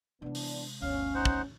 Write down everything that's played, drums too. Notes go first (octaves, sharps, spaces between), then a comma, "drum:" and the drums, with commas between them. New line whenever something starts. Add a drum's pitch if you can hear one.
C3 E3 G#3 B3 D4
drum: open hi-hat
G1 D2 C#4 F5
D#4 C5 F#5
drum: kick